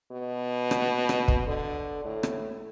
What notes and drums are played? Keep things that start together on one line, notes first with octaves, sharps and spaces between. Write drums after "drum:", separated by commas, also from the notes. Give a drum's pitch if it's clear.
B2
drum: rim click
drum: rim click
drum: kick
D3
A2
drum: rim click